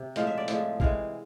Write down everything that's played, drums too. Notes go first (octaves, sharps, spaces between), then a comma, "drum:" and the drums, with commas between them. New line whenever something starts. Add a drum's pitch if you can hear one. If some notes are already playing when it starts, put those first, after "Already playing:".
Already playing: C3
A2 F3 G#3 F5, drum: hi-hat
E5
D5
A2 F3 G#3 E5, drum: hi-hat
C3 E3 G#3 F5, drum: kick